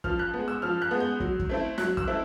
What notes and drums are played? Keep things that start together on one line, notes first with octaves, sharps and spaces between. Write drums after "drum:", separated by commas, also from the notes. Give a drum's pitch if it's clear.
F3 F6, drum: kick
F#6
G#3 B3
E6
F3 F6
F#6
G#3 B3
G6
F#3, drum: kick
drum: kick
A3 C4 E4
F#3 F#6, drum: snare
E6, drum: kick
A3 C4 E4